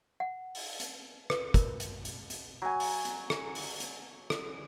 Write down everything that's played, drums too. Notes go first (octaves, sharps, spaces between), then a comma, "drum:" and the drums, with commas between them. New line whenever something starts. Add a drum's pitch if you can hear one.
F#5
drum: open hi-hat
drum: hi-hat
B4, drum: rim click
A#4, drum: kick, hi-hat
drum: hi-hat
drum: hi-hat
drum: hi-hat
F#3 G#5
drum: open hi-hat
drum: hi-hat
drum: rim click
drum: open hi-hat
drum: hi-hat
drum: rim click